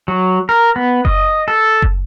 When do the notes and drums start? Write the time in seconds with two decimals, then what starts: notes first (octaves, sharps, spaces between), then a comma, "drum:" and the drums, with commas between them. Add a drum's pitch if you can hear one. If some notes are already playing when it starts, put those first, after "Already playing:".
0.08 F#3
0.49 A#4
0.76 B3
1.05 D#5, drum: kick F#1
1.48 A4
1.82 drum: kick F#1